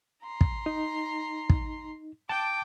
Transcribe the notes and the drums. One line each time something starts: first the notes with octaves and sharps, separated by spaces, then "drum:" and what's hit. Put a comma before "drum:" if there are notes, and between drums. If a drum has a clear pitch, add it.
A#5 C6
drum: kick
D#4
drum: kick
G5 A5 D6